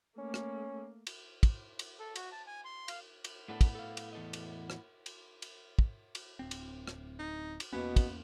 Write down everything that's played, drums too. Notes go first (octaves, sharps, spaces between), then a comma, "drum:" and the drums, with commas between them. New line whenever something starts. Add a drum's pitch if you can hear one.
A3 A#3 C#4
drum: rim click
drum: cymbal
drum: kick, cymbal
drum: cymbal
A4
F#4, drum: cymbal
A5
G#5
C6
F5, drum: cymbal
drum: cymbal
A2 A3 B3 D4 A4
drum: kick, cymbal
A4 F5
drum: cymbal
E2 A4 D#5
drum: cymbal
drum: rim click
drum: cymbal
drum: cymbal
drum: kick
drum: cymbal
D1 C4
drum: cymbal
drum: rim click
D#4
drum: cymbal
E2 B2 A#3 B3 C#4
drum: kick, cymbal